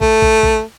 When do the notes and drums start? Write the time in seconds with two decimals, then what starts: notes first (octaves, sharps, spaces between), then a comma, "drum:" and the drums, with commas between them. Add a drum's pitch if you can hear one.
0.01 A3, drum: kick
0.22 drum: kick
0.43 drum: kick